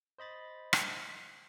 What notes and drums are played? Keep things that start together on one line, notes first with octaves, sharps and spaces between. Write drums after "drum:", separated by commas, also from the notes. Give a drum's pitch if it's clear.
C5 D#5 B5 A6
drum: rim click